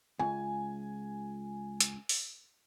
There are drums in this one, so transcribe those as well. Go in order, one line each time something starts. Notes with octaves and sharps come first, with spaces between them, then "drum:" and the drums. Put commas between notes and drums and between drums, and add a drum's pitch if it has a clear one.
C#2 G#5
drum: hi-hat
drum: open hi-hat